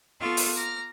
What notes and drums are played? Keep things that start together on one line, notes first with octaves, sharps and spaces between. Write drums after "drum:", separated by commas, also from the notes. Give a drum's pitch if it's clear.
B3 F4 A4 C6 C#6 A6
drum: open hi-hat
A#5 D6 F6